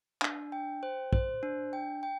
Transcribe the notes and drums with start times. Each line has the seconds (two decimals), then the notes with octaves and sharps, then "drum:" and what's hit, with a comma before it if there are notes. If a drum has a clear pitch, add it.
0.22 D4, drum: clap
0.52 G5
0.83 C5
1.13 C5, drum: kick
1.43 D4
1.73 G5
2.03 G5